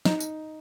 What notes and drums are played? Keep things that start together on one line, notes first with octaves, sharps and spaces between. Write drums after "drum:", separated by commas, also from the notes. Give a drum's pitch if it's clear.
D#4, drum: snare
drum: tambourine